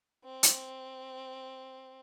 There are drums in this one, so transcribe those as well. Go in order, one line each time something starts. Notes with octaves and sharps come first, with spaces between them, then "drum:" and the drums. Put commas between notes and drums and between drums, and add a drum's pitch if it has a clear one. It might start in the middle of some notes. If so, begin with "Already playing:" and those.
C4
drum: hi-hat